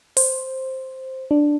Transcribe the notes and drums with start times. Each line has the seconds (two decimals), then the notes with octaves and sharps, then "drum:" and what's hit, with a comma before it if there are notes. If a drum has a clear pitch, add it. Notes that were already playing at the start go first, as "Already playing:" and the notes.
0.17 C5, drum: open hi-hat
1.31 D4